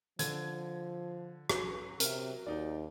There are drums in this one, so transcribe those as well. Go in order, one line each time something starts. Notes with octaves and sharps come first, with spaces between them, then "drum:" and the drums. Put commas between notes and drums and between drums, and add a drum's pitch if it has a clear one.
D3 F3 G#6, drum: hi-hat
F#3, drum: rim click
C3 A#4 E5, drum: hi-hat
D#2 D#4 D5